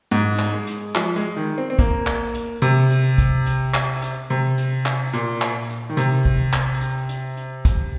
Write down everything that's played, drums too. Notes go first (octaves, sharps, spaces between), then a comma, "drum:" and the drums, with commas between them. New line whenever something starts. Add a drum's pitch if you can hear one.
G#2, drum: hi-hat
drum: clap
G#3
drum: hi-hat
F3, drum: clap
G#3
D#3
C4
C4
A#3, drum: kick, hi-hat
drum: clap
drum: hi-hat
C3, drum: hi-hat
drum: hi-hat
drum: kick, hi-hat
drum: hi-hat
drum: clap
drum: hi-hat
C3
drum: hi-hat
drum: clap
A#2, drum: hi-hat
drum: clap
drum: hi-hat
D#3
C3, drum: hi-hat
drum: kick
drum: clap
drum: hi-hat
drum: hi-hat
drum: hi-hat
drum: kick, hi-hat